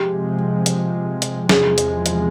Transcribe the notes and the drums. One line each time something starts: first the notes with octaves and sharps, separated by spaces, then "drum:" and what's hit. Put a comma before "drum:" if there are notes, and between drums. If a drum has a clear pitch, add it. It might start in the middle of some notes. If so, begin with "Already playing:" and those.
Already playing: C3 F3 G#3 G4
drum: hi-hat
drum: hi-hat
E2 C3 F3 G#3 G#4, drum: snare
drum: hi-hat
drum: hi-hat